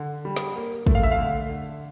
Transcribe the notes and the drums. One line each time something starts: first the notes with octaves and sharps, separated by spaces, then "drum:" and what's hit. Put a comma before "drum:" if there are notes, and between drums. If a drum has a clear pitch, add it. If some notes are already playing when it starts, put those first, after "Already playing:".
Already playing: D3
G3
drum: snare
A#3
A3, drum: kick
F5
E5
F5
D3
D3